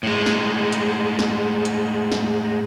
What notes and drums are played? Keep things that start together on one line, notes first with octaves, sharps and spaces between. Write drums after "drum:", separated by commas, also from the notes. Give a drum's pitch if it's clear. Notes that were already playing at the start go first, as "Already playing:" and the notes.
A2 G#3
drum: snare
drum: hi-hat
drum: snare
drum: hi-hat
drum: snare